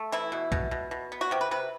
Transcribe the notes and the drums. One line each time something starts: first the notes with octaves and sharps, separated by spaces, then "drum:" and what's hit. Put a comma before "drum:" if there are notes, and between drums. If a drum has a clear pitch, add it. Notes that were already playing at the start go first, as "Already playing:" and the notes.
Already playing: A3
E3 E4
B2
B2, drum: kick B1
B2
B2
B3
F#4
C3 G4
B4
C3 B4